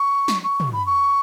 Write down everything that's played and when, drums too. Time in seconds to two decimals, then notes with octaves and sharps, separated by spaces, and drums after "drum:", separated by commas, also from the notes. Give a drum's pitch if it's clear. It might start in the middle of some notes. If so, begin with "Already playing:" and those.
Already playing: C#6
0.28 drum: snare
0.43 C#6
0.60 drum: tom
0.73 B5
0.86 C#6